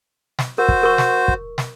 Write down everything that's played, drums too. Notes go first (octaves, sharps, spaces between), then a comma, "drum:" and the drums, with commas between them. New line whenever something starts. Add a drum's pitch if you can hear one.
drum: snare
F#4 A#4 C5
drum: kick
A#4 C#6
drum: snare
drum: kick
drum: snare